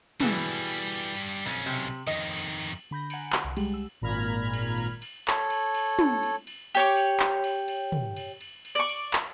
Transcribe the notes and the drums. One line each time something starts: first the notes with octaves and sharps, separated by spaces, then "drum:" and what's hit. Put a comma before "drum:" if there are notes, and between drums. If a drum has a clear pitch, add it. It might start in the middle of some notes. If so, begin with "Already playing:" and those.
B2 E3 G3 G#4 A4, drum: tom
drum: cymbal
drum: cymbal
drum: cymbal
drum: cymbal
B1 F2 C#4
C3
drum: cymbal
F2 D#3 D#5
drum: cymbal
drum: cymbal
D3 B5 G6 A#6
F#5 G#5 A#5 B5 C#7 D7, drum: cymbal
drum: clap
C2
G3 G#3 G4, drum: cymbal
E6
G#1 A#2 A#5 B5 F6 G#6
drum: cymbal
drum: cymbal
drum: cymbal
A4 C#5, drum: clap
drum: cymbal
drum: cymbal
drum: tom
drum: cymbal
drum: cymbal
G4 C#5 D6
drum: cymbal
drum: clap
drum: cymbal
drum: cymbal
drum: tom
drum: cymbal
drum: cymbal
drum: cymbal
D5 C#6
drum: cymbal
drum: clap